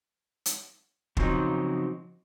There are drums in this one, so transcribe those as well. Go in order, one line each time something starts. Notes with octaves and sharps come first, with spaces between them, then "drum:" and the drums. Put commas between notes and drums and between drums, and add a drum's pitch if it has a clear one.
drum: hi-hat
C#3 F3 F#3 C4 D#4, drum: kick